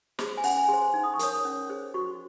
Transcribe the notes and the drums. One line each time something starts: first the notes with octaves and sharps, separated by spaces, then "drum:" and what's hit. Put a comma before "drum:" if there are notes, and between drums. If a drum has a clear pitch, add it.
G#4 C5, drum: snare
G#5
C#4 F#5, drum: open hi-hat
G#5
G#4 C5 C6
D#4
D#6
C#6
A#4 C#5 D#6, drum: hi-hat
C#4
G#4 C5
F#4 C#6